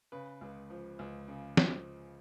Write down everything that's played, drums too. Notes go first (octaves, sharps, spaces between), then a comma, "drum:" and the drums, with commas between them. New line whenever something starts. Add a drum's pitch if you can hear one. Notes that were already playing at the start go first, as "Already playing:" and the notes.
C#3 B4
C#2
F3
C#2
C#3
F3, drum: snare